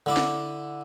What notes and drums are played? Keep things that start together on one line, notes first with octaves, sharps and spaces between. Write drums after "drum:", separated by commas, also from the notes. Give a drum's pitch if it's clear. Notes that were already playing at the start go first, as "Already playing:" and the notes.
D3 E4 D6
drum: snare